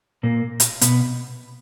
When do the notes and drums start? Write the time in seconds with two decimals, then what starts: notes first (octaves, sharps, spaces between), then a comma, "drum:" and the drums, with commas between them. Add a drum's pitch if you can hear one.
0.23 A#2 A#3
0.60 drum: hi-hat
0.81 B2 B3, drum: hi-hat